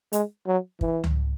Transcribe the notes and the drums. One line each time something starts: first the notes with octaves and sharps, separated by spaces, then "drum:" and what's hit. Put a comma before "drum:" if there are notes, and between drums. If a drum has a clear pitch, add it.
G#3, drum: hi-hat
F#3
E3, drum: kick
drum: tom C#2